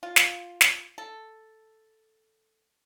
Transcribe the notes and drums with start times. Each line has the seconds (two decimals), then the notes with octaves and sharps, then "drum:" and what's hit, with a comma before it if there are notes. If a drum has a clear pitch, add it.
0.03 F4
0.16 drum: snare
0.61 drum: snare
0.98 A4